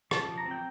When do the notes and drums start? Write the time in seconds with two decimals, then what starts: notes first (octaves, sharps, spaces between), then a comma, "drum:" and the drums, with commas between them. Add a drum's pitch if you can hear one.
0.11 F3 A5, drum: rim click
0.29 F3
0.38 A#5
0.45 C4
0.51 G5